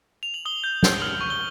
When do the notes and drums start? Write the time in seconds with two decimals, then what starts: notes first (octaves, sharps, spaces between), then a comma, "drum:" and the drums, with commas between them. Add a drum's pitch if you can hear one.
0.23 F7
0.34 F#7
0.45 D#6 G7
0.64 G6
0.83 G6, drum: snare
1.02 F6 F#7
1.21 C#6
1.30 G7